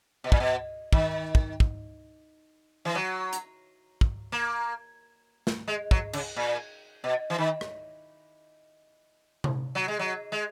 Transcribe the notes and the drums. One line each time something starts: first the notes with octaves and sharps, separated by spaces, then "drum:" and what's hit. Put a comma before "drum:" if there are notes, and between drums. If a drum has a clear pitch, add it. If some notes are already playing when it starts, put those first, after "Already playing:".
B2
A#2, drum: kick
B2
D#3, drum: kick
drum: kick
drum: kick
E3
F#3
drum: hi-hat
drum: kick
A#3
drum: snare
G#3
F#3, drum: kick
C#3, drum: cymbal
A#2
B2
E3
D#3
drum: rim click
drum: tom C3
F#3
G#3
F#3
G#3